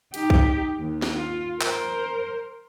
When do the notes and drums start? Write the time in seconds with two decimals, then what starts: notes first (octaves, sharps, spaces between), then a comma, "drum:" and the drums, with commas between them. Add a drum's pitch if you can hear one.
0.14 D#4 G4, drum: hi-hat
0.30 drum: kick
0.79 D#2
1.02 drum: snare
1.15 F4
1.61 A#4 C5, drum: clap